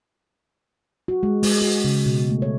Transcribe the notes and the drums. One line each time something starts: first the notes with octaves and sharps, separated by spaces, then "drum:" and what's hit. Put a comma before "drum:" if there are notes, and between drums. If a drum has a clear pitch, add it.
F#4
G#3
G#3, drum: open hi-hat
F#4
C#3
B2
A3
C#5